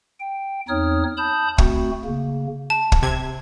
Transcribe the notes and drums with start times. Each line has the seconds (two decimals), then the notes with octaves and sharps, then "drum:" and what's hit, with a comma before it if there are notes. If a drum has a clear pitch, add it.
0.20 G5
0.69 E2 C4 D#4 C#5 D#6 F6
1.17 A5 B5 D#6 G6
1.58 A3 C4 F#4, drum: kick
2.05 C#3 A#3
2.70 A5
2.92 drum: kick
3.02 C3 G#6